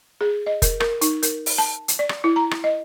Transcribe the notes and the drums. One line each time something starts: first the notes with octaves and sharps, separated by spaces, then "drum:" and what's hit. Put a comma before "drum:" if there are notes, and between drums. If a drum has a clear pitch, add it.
G#4
D#5
A#4, drum: kick F1, hi-hat
A#4, drum: rim click
D#4, drum: hi-hat
A#4, drum: hi-hat
drum: open hi-hat
A5
drum: hi-hat
D5
drum: rim click
E4
A#5
drum: rim click
D#5